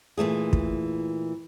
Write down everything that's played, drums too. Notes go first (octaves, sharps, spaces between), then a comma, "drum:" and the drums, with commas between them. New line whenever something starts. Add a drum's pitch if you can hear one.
A#2 E3 A3 G#4
drum: kick